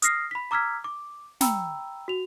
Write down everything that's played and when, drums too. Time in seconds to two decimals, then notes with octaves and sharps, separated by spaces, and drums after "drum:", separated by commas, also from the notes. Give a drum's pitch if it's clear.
0.02 D#6 F6 A#6 C7, drum: hi-hat
0.31 B5 B6
0.51 A#5 D6 E6 F6 G#6 B6
0.84 D6
1.41 G5 A#5 B5 E6, drum: snare
2.08 F#4 F7